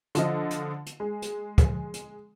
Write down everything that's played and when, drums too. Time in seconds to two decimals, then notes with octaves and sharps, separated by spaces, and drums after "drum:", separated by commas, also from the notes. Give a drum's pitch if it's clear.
0.15 D3 F3 D#5, drum: hi-hat
0.51 drum: hi-hat
0.86 drum: hi-hat
1.00 G#3
1.22 drum: hi-hat
1.58 drum: kick, hi-hat
1.94 drum: hi-hat